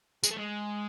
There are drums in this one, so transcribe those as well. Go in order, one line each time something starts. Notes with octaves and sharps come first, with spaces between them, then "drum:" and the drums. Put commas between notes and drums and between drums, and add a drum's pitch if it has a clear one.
G#3, drum: tambourine
A3
G#3